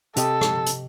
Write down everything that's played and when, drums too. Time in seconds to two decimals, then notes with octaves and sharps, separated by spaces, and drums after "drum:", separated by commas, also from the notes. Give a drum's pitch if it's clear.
0.16 C3 G4 A4 D#5, drum: hi-hat
0.41 drum: rim click
0.66 drum: hi-hat